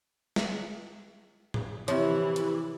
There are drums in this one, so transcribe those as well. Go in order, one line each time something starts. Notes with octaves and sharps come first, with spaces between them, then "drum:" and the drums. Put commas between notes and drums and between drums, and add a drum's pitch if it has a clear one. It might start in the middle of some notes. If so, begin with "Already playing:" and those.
drum: snare
drum: tom A2
C3 E3 F3 E4 G4 C#5, drum: hi-hat
drum: hi-hat